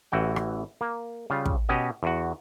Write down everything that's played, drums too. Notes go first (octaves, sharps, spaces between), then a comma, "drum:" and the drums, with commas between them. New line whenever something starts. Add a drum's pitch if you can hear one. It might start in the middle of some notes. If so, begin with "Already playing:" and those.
A1 E3 F#4 G5
drum: rim click
A#3
C#3 G3 F4
drum: kick
B2 C#4 F#4 G4 D#5
E2 F#4